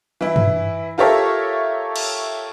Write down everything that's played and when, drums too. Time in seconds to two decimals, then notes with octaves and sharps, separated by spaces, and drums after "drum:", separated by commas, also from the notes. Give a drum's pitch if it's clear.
0.21 E3 E4
0.36 drum: tom G2
0.98 F4 G4 A4 A#4 C#5 E5
1.96 drum: cymbal